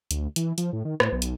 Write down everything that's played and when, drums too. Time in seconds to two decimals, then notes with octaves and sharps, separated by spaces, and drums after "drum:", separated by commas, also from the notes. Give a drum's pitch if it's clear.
0.11 D2, drum: hi-hat
0.36 E3, drum: hi-hat
0.58 F3, drum: hi-hat
0.73 A2
0.85 D#3
1.00 A2, drum: rim click
1.12 B1
1.22 drum: hi-hat